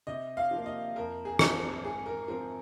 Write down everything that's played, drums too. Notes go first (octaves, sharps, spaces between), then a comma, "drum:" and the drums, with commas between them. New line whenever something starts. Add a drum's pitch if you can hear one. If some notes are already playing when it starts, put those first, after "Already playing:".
C3 D#5
F5
F3
A#3
D#5
F2 A#4
G#4
F3 C4, drum: rim click
G#2 G#4
A#4
F3 C4 A#4